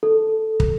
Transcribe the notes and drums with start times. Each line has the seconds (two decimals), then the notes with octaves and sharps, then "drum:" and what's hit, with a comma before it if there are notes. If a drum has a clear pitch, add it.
0.03 A4
0.60 drum: kick